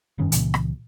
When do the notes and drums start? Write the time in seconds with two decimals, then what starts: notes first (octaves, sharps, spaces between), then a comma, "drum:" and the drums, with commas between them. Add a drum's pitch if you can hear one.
0.18 F1 G2 D#3 C#4
0.32 C#2 A#2 C#3 E3, drum: hi-hat
0.54 drum: rim click